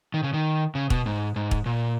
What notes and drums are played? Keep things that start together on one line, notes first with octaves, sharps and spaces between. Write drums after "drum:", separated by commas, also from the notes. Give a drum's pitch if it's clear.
D#3
C#3
D#3
C#3
B2, drum: kick
G#2
G#2
drum: kick
A#2